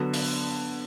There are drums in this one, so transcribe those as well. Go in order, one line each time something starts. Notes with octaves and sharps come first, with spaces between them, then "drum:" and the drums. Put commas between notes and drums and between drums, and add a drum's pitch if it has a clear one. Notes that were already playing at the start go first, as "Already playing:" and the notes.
Already playing: D3 F#3 B3
drum: open hi-hat